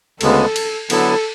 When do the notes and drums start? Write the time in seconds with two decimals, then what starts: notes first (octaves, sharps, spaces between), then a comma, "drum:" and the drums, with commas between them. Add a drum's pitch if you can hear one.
0.21 D2 C#3 G#3 B3 A4, drum: cymbal
0.56 drum: cymbal
0.90 D3 F#3 B3 E4 A4, drum: cymbal